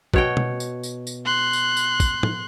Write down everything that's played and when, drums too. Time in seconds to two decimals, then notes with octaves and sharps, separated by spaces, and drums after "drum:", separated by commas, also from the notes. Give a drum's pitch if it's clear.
0.14 B2 C#5 G5, drum: kick
0.37 drum: tom B2
0.60 drum: tambourine
0.83 drum: tambourine
1.07 drum: tambourine
1.25 C6 F#6
1.53 drum: tambourine
1.77 drum: tambourine
2.00 drum: kick, tambourine
2.23 drum: tom